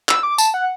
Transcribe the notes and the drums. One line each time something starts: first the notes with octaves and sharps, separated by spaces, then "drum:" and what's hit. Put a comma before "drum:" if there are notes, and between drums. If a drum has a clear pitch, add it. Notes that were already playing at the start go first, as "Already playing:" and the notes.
E6, drum: clap
D6
A5, drum: tambourine
F#5